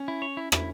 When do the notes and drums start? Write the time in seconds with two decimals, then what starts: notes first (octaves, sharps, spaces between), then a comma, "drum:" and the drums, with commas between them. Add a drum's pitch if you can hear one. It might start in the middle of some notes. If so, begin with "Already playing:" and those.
Already playing: C#4
0.08 E4
0.22 C#5
0.37 E4
0.52 E4, drum: rim click